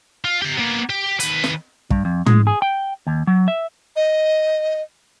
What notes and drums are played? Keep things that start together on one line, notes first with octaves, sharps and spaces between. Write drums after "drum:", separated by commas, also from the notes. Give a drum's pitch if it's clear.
F4
G4 A#5
A#3 B3
G4
D#2 B4, drum: hi-hat
drum: snare
G2, drum: kick
F2
G#3, drum: tom
G#4
G5
D#2
F#3
E5
D#5